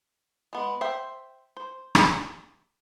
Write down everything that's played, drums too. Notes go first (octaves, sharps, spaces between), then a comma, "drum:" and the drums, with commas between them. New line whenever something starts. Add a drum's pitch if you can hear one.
G#3 B3
C5 E5 G5
C5
drum: rim click